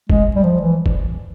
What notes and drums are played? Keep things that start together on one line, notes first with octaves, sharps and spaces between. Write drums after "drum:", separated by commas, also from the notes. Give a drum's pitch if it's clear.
G#3, drum: kick
G3
F3
E3
drum: kick